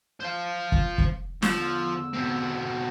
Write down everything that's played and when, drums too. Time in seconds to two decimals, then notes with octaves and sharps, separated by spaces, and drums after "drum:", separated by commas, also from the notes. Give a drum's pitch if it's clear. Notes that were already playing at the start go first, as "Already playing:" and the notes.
0.20 C5 F5
0.72 drum: kick
0.98 drum: kick
1.42 E2 D3 F3 E6, drum: snare
2.13 B2 C4